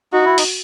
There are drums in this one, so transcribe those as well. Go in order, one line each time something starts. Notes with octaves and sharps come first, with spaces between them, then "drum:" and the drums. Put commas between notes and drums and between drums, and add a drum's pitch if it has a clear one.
D#4 F#4
E4
D#4, drum: open hi-hat